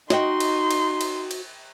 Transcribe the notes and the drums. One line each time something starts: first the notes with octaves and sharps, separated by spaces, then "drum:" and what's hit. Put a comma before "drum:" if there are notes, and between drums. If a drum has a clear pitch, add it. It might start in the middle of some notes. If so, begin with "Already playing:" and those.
D#4 F#4 D#5 G5 C6, drum: snare
drum: cymbal
drum: cymbal
drum: cymbal
drum: cymbal